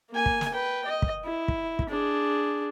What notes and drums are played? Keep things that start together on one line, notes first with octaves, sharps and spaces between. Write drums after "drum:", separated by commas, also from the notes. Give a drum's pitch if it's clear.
A#3 G#5
drum: kick
drum: snare
B4 G5
D#5
drum: kick
E4
drum: kick
drum: kick
D4 G#4